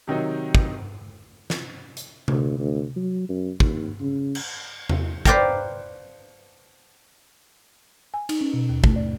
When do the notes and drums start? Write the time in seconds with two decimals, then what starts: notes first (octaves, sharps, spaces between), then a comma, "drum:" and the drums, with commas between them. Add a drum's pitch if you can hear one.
0.07 C3 D#3 F#3 D#4
0.55 drum: kick
1.50 drum: snare
1.97 drum: hi-hat
2.28 D2, drum: tom C3
2.59 D2
2.96 F#3
3.29 F#2
3.60 D#2, drum: kick
4.00 C#3
4.35 drum: cymbal
4.89 drum: tom E2
5.25 B4 C5 D5 F5 G5 A#5, drum: kick
8.14 G#5
8.29 D#4, drum: cymbal
8.41 C#4
8.53 B2
8.69 D#2
8.84 A3, drum: kick
8.96 D5